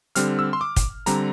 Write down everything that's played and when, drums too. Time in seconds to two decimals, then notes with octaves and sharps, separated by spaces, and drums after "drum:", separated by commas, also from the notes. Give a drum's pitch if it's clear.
0.15 D3 G3 C4 F6, drum: hi-hat
0.39 E6
0.53 C6
0.61 D6
0.76 drum: kick, hi-hat
1.06 D3 G3 C4 A#5, drum: hi-hat